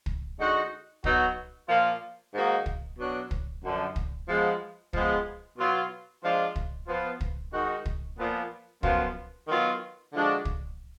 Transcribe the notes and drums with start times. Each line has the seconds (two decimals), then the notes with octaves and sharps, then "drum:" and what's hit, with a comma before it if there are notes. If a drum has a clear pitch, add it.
0.06 drum: kick
0.39 D3 G#3 D#4 F#4
1.04 B2 F#3 B3 D#4 F#4, drum: kick
1.68 A#2 F3 A#3 F4
2.34 G#2 D#3 A#3 D#4 F#4
2.66 drum: kick
2.98 B2 F#3 D4 F#4
3.31 drum: kick
3.63 F#2 D3 F3
3.96 drum: kick
4.28 F3 G#3 B3
4.93 F3 G#3 B3, drum: kick
5.58 B2 F#3 B3 F4
6.24 F3 G#3 D4 F4
6.56 drum: kick
6.88 F3 B3 F4
7.21 drum: kick
7.53 D#3 G#3 D#4 F#4
7.85 drum: kick
8.18 A#2 F3 B3
8.83 F#2 F3 B3 F4, drum: kick
9.48 D#3 F#3 B3 F4
10.13 D3 F3 G#3 D4 F#4
10.45 drum: kick